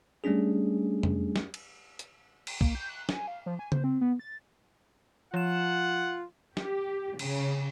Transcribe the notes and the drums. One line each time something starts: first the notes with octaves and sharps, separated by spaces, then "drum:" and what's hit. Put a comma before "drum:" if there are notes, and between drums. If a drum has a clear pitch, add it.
G3 A3 C#4 D4 G#4
drum: tom F2
drum: snare
drum: cymbal
drum: hi-hat
drum: cymbal
A#3, drum: kick
G6
F#6
G#5, drum: snare
F5
F3
G#5
C5, drum: tom C#3
C4
B3
A6
F3 F4 F#5 E7
G4, drum: snare
C#3, drum: cymbal